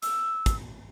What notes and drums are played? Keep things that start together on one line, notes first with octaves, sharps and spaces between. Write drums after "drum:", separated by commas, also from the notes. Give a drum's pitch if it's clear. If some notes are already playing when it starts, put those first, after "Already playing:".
E6, drum: hi-hat
drum: kick, hi-hat